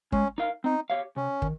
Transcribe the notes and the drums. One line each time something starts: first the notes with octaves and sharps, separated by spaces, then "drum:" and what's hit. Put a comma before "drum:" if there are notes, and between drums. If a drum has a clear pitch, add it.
G#3 C#4, drum: kick
D#4 A#4 F5
C4 D#4
G4 C#5 F5
C3 C#4
D#3, drum: kick